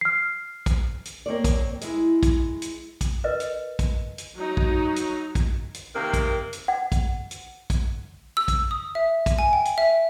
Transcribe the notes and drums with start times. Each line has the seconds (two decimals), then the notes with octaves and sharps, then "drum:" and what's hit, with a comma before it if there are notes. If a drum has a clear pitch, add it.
0.01 F6 C7
0.66 drum: kick, hi-hat
1.05 drum: hi-hat
1.26 A#3 C4 C#5 D5
1.44 drum: kick, hi-hat
1.81 G#3 E4, drum: hi-hat
2.23 drum: kick, hi-hat
2.62 drum: hi-hat
3.01 drum: kick, hi-hat
3.24 A#4 B4 D#5
3.40 drum: hi-hat
3.79 drum: kick, hi-hat
4.18 drum: hi-hat
4.36 F#3 D#4
4.57 drum: kick
4.96 drum: hi-hat
5.35 drum: kick, hi-hat
5.74 drum: hi-hat
5.94 C3 D#3 A#3
6.14 drum: kick, hi-hat
6.53 drum: hi-hat
6.68 F#5
6.92 drum: kick, hi-hat
7.31 drum: hi-hat
7.70 drum: kick, hi-hat
8.37 E6
8.48 drum: kick, hi-hat
8.71 D#6
8.95 E5
9.26 drum: kick, hi-hat
9.39 G#5
9.53 G5
9.65 drum: hi-hat
9.78 E5